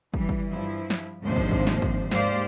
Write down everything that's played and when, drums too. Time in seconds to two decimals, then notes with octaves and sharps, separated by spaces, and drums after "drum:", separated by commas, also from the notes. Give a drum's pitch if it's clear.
0.14 E3 G3, drum: kick
0.29 drum: kick
0.52 G2 F3 E4
0.90 drum: snare
1.24 D#2 G#2 C3 F3 D4 C5
1.36 drum: kick
1.51 drum: kick
1.67 drum: snare
1.82 drum: kick
2.11 G#2 A#3 G4 C5 D5 F5, drum: snare